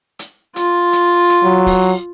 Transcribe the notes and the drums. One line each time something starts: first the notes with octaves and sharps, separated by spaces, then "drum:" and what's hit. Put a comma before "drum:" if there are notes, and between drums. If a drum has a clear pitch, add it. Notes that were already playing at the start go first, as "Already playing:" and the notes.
drum: hi-hat
F4, drum: hi-hat
drum: hi-hat
drum: hi-hat
F#3
drum: kick, open hi-hat